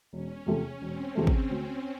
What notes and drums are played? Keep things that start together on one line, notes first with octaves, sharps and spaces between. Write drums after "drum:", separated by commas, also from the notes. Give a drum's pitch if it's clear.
E1 C#4
E2 C3 F3 A3
E1 C4
E2 C3 F3 A3
drum: kick
D2